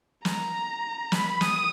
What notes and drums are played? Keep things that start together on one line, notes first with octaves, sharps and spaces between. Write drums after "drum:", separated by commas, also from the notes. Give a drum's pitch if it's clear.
A#5, drum: snare
B5, drum: snare
D#6, drum: snare